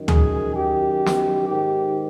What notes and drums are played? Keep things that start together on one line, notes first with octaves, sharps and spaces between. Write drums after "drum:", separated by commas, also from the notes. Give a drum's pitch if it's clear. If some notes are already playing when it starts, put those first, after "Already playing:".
Already playing: F#2 D#3
G#4, drum: tom D2
G4
drum: snare
G#2 D#3 G4